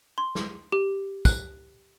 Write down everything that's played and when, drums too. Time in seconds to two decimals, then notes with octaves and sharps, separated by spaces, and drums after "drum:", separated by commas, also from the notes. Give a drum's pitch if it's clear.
0.18 C6
0.35 drum: snare
0.72 G4
1.25 F#6, drum: kick, tambourine